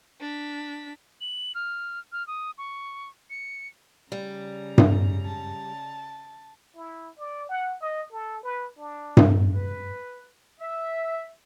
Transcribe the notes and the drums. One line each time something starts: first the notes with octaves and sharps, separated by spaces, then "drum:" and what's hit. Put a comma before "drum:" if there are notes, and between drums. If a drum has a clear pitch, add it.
D4 B6
F#7
F6
F6
D#6
C#6
C#7
C#3 G3 A#5
drum: tom G2
A5
E4
D5
F#5
D#5
A4
B4
D4
drum: tom G2
B4
E5